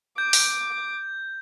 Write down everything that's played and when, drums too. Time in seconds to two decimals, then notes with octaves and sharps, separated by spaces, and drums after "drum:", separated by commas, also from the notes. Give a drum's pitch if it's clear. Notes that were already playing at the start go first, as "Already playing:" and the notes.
0.18 D6 G6
0.33 drum: open hi-hat